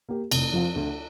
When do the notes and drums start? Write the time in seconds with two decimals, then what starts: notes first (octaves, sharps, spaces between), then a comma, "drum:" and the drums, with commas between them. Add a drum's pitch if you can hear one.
0.09 A#3 G4
0.31 F1, drum: cymbal
0.53 F2 F3 C4 F4
0.76 D2